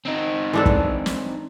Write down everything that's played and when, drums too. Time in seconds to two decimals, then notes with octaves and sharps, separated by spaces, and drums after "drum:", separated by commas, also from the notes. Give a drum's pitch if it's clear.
0.05 C4 D#4
0.53 E3 D4 A4
0.66 drum: kick
1.06 drum: snare